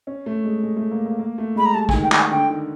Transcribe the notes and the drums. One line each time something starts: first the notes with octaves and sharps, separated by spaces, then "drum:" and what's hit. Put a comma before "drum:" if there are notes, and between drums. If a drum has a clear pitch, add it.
C#4
A3
G#3
G#3
A3
A#3
A#3
A#3
A3
G#3 B5
A#5
G3 A5
G#5, drum: kick
D#3
G5
D#3, drum: clap
G#5
D3 G5
D#3